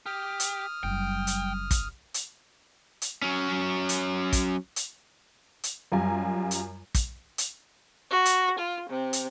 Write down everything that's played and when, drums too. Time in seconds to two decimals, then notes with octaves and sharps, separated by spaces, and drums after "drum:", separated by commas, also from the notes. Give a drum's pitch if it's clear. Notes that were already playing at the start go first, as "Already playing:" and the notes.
0.06 G4 D#6 F6
0.40 drum: hi-hat
0.83 F#1 F#3 G3 G5
1.27 drum: hi-hat
1.71 drum: kick, hi-hat
2.14 drum: hi-hat
3.02 drum: hi-hat
3.22 F#3 C#4
3.89 drum: hi-hat
4.33 drum: kick, hi-hat
4.76 drum: hi-hat
5.64 drum: hi-hat
5.92 F#2 G3 F4 G#5 A#5
6.51 drum: hi-hat
6.95 drum: kick, hi-hat
7.38 drum: hi-hat
8.10 F#4
8.25 drum: hi-hat
8.58 F4
8.89 C3
9.13 drum: hi-hat